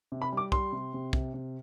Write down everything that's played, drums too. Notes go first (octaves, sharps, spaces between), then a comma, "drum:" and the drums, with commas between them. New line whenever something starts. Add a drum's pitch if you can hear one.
C3
B5
G3 D6
G3 C6, drum: kick
C3
C3
C3, drum: kick
C3